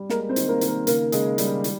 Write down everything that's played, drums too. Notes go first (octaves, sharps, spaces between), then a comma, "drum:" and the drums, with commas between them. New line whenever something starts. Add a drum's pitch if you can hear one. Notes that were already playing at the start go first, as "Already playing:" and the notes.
Already playing: G3
G#3 A#3 A#4, drum: snare
C4 C5
D#3, drum: hi-hat
A#3 A#4
D#3, drum: hi-hat
A#3 A#4
C#3 A#3 A#4, drum: hi-hat
C#3 G#3 G#4, drum: hi-hat
G3 G4, drum: hi-hat
D#3, drum: hi-hat